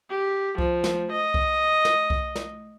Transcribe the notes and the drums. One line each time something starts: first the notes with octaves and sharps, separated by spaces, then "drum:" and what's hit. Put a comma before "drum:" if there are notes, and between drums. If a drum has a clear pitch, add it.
G4
F3, drum: kick C2
drum: snare
D#5
drum: kick C2
drum: snare
drum: kick C2
drum: snare